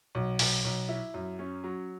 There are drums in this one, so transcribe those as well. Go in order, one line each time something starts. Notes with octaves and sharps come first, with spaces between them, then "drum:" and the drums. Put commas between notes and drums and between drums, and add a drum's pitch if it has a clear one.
B1
B1, drum: open hi-hat
B1
E4
F#2
C#4
F#3